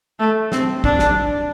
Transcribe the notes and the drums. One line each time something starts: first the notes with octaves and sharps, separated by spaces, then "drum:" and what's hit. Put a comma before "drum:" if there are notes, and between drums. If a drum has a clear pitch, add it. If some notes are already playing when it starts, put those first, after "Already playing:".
A3
C4, drum: snare
D4, drum: kick
drum: snare